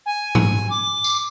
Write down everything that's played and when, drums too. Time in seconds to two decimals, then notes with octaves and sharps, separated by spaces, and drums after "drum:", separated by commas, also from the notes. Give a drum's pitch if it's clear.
0.06 G#5
0.35 drum: tom G#2
0.70 D6
1.04 drum: tambourine